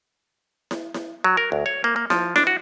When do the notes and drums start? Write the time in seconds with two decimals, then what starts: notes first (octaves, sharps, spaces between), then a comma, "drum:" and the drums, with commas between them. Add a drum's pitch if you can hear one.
0.71 drum: snare E4
0.94 drum: snare E4
1.24 F#3
1.37 A#4
1.52 D2
1.66 C#5
1.84 A#3
1.96 A#3
2.10 F3, drum: snare E4
2.36 D4, drum: snare E4
2.47 F#4